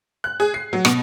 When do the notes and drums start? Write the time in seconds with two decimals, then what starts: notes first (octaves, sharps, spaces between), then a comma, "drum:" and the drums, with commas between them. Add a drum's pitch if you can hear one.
0.24 F#6
0.40 G#4
0.54 C7
0.73 F#3
0.85 B2, drum: rim click